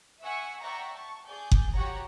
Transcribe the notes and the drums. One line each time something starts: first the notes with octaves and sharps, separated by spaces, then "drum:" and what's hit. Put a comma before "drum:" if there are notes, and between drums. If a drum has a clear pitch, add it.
E5 F#5 G#5 C#6 E6 C#7
D5 E5 F#5 G5 A#5 C#6
A5 C#6
G#4 D5 G#5 G6
drum: kick F#1
F#4 G4 C#5 F#5 A#5